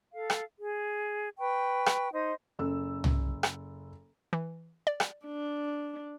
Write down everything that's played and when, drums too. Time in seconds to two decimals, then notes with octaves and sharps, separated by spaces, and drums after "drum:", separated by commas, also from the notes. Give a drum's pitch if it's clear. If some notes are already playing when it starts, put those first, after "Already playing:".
0.14 A4 F5
0.30 drum: rim click
0.60 G#4
1.39 B4 G5 C#6
1.86 drum: rim click
2.12 D#4 C5 D#5
2.59 F#1 A4 E6
3.04 drum: tom
3.43 drum: rim click
4.33 E3
4.87 D5
5.00 drum: rim click
5.26 D4